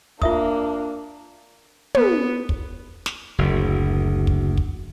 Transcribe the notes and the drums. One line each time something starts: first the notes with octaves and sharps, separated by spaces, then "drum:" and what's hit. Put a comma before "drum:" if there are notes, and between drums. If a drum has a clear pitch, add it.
A#3 D4 F4 E5 D#6, drum: kick
B3, drum: tom
drum: kick
drum: snare
F#1 D2
drum: kick
drum: kick